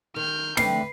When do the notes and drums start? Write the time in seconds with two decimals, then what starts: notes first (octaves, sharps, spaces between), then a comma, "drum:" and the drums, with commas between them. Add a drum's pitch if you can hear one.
0.16 D#3 F6 G6
0.57 D3 A3 C4 B4 C7, drum: snare